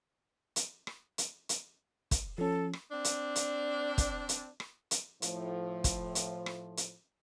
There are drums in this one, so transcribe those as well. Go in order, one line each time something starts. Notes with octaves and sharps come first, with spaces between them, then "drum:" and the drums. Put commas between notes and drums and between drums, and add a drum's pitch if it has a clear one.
drum: hi-hat
drum: rim click
drum: hi-hat
drum: hi-hat
drum: kick, hi-hat
F3 C#4 A4
drum: rim click
C4 D4
drum: hi-hat
drum: hi-hat
drum: kick, hi-hat
drum: hi-hat
drum: rim click
drum: hi-hat
A2 F3, drum: hi-hat
drum: kick, hi-hat
drum: hi-hat
drum: rim click
drum: hi-hat